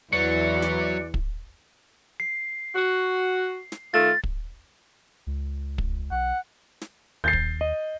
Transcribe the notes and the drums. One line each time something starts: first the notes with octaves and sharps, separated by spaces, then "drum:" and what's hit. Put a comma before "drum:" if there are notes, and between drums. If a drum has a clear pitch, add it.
E2 E3 F#3 B4 D5 C#7
drum: snare
drum: kick
C7
F#4
drum: snare
D#3 A3 F4 A6
drum: kick
C#2
drum: kick
B1 F#5
drum: snare
D#2 G6 A6 C7
drum: kick
D#5